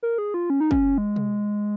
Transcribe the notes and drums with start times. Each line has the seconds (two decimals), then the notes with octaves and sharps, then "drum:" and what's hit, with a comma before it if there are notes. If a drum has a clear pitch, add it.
0.03 A#4
0.18 G#4
0.34 F4
0.50 C#4
0.60 D#4
0.71 C#4, drum: kick
0.98 G#3
1.16 drum: tom B2